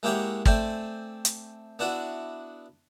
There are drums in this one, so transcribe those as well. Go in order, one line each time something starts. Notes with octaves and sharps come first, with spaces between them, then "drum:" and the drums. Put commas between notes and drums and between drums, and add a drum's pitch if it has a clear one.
G#3 A#3 E4 G4 C#5 F#5
A3 C4 D5 G5 G#5, drum: kick
drum: hi-hat
B3 D4 E4 F#4